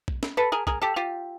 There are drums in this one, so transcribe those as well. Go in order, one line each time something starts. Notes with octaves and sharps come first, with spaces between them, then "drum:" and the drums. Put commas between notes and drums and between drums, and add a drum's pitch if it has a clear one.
drum: kick
drum: snare
A4 B4
G#4 A#4
G#4 A#4, drum: kick
G4 A4
F4 G4